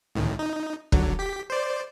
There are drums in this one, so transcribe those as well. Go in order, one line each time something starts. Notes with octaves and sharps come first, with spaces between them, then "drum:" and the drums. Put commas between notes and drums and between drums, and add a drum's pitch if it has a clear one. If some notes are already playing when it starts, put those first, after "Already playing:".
C#2 A2 D#3
D#4
D3 F#3, drum: kick
G4 B6
C5 D5